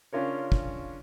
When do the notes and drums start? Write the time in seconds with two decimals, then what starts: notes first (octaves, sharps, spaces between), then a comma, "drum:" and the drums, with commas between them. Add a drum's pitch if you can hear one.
0.13 C#3 C#4 D4 F4 A#4 C#5
0.52 drum: kick